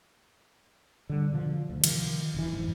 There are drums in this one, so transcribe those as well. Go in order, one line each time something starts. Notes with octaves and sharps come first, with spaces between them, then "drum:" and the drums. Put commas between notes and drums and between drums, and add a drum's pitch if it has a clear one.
D3 G3
B2 D3 F3
D2
C3 D#3 F3, drum: cymbal
E1 F2 E3
F#1 F2 G#2 E3